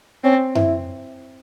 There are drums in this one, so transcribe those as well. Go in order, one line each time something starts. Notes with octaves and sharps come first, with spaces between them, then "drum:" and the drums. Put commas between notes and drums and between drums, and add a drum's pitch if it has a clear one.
C4 C#4
E4, drum: tom F#2